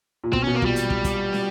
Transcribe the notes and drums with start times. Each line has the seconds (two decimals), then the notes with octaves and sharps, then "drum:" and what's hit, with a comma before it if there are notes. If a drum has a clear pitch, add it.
0.24 A#2
0.33 B2 C4, drum: kick
0.44 B2 C#4
0.55 A#3
0.62 A#2 G3, drum: kick
0.76 drum: hi-hat
0.90 drum: kick
1.04 drum: kick, hi-hat
1.33 drum: snare